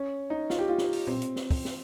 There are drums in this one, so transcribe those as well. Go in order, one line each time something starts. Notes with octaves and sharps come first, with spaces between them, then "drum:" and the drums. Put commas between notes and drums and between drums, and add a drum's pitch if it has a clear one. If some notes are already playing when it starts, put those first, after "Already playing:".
Already playing: C#4
D#4
F4, drum: snare
G4
F4
drum: snare
drum: open hi-hat
C4, drum: tom A#2
drum: hi-hat
drum: snare
drum: kick, open hi-hat
drum: snare